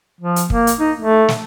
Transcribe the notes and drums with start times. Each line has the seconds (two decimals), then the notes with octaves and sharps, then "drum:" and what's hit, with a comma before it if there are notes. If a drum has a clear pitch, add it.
0.21 F3
0.36 drum: hi-hat
0.50 A#3, drum: kick
0.67 drum: hi-hat
0.79 D#4
0.99 A3
1.28 drum: snare